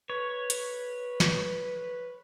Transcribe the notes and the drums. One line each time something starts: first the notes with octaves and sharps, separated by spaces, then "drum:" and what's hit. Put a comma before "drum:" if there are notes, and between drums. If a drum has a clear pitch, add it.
B4 C#5
drum: hi-hat
drum: snare